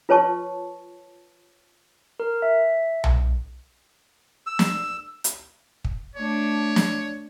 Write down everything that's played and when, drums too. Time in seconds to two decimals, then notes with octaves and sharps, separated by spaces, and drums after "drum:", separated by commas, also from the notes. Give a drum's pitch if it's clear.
0.09 F4 B4 C#5 A5 C#6
2.20 A#4
2.42 E5
3.04 drum: tom B1
4.47 E6
4.59 drum: snare
5.24 drum: hi-hat
5.85 drum: kick
6.15 A3 D4 C#5
6.76 drum: snare